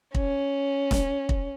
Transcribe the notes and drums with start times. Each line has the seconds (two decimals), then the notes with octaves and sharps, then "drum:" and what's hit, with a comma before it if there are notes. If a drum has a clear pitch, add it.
0.15 C#4, drum: kick
0.91 drum: snare
1.29 drum: kick